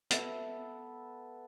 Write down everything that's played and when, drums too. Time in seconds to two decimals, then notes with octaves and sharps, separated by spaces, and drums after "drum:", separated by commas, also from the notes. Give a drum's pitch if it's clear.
0.11 B3 A4 E5, drum: hi-hat